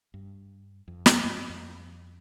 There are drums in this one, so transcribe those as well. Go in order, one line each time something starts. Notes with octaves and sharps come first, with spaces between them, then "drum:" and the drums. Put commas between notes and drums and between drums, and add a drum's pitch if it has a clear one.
G2
F2
drum: snare
G2
G2
F2